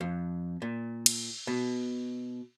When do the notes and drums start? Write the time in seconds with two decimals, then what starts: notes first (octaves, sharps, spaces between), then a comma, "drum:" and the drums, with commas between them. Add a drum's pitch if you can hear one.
0.01 F2
0.62 A#2
1.06 drum: cymbal
1.47 B2